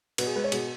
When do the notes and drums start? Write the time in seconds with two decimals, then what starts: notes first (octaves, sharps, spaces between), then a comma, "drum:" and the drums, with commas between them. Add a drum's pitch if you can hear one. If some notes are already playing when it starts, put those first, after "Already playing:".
0.18 B2 B4, drum: cymbal
0.26 G#4
0.35 G#3 B4
0.44 C#5
0.52 B2 G#4, drum: cymbal